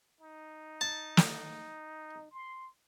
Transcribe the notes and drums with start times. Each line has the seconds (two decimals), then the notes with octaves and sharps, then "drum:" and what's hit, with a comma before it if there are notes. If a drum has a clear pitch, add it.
0.21 D#4
0.81 A5
1.17 drum: snare
2.31 C6